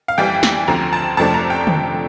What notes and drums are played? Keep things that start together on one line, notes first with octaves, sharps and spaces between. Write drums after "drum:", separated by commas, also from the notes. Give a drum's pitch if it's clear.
F5
F2 E3 G3 G5
drum: snare
D2 D3 F3 C4 A#5
A5
F2 C3 F3 A3 D4 A5
A#5
G5
drum: tom D3